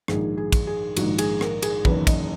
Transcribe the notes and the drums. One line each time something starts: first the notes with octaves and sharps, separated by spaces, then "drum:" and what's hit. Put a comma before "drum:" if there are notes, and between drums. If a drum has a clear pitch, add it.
A#1 G#2 D#3 G#4, drum: rim click
G#4
drum: kick, cymbal
G#4
A#1 G#2 D#3 F#4, drum: cymbal
G#4, drum: cymbal
A#4, drum: rim click
G#4, drum: cymbal
F#1 E2 D#3 B4, drum: kick
D#5, drum: kick, cymbal